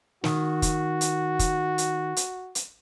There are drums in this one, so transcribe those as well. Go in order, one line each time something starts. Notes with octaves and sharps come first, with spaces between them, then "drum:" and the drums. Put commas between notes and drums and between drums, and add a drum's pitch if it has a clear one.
D#3 F#4, drum: snare
drum: kick, hi-hat
drum: hi-hat
drum: kick, hi-hat
drum: hi-hat
drum: hi-hat
drum: hi-hat